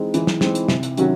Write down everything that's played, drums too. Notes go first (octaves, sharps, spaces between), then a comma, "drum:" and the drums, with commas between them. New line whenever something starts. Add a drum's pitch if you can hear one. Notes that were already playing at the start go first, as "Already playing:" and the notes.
Already playing: E3 G#3 C4 D#4
E3, drum: hi-hat
drum: snare
G#3 C4 D#4, drum: snare
drum: hi-hat
C3, drum: snare
drum: hi-hat
D#3 F#3 C#4 F#4, drum: hi-hat